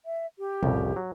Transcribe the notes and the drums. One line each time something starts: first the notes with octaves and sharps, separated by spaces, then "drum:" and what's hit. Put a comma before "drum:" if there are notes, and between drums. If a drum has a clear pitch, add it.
E5
G4
C2 F2 C#3, drum: tom
F#3